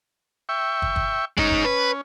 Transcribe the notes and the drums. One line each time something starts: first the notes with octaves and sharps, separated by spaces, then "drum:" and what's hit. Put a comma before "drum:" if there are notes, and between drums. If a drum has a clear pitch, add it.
E5 G5 C#6
drum: kick
drum: kick
G#3 C#4 D#4, drum: kick
drum: kick
B4